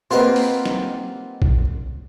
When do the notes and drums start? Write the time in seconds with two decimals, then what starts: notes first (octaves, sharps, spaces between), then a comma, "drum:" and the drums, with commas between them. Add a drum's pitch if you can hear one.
0.11 A#3 C4 F4 G4 B4 D#5 F#5 C6
0.36 drum: open hi-hat
0.66 drum: snare
1.42 drum: kick B1